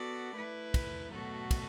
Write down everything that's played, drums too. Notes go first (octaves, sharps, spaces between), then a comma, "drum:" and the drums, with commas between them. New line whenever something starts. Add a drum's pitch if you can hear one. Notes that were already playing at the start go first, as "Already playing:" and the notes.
Already playing: B3 F#4 A4 D5
A3 E4 B4
drum: kick, cymbal
B2 F#3 A3 F#4 A4
drum: kick, cymbal